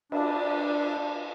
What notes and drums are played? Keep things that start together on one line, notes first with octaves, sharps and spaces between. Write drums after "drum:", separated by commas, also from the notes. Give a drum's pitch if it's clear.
D4, drum: cymbal